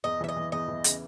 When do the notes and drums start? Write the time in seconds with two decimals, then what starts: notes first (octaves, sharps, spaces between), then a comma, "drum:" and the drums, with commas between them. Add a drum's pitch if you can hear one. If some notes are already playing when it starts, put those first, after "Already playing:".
0.04 E2 D#5
0.21 E3 E5
0.29 D#5
0.36 E3
0.52 E2 D#5
0.68 E3
0.84 C#3, drum: hi-hat